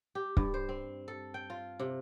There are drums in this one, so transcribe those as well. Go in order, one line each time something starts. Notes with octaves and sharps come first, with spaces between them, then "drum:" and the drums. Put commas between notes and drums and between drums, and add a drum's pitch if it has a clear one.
G4
G2, drum: kick
C5
C4
A4
G5
F4
C3